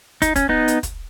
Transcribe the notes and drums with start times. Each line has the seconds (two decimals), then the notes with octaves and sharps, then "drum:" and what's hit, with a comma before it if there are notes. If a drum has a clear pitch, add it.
0.22 D#4, drum: kick, hi-hat
0.36 C#4, drum: kick, hi-hat
0.49 B3 D#4
0.68 drum: hi-hat
0.83 drum: kick, hi-hat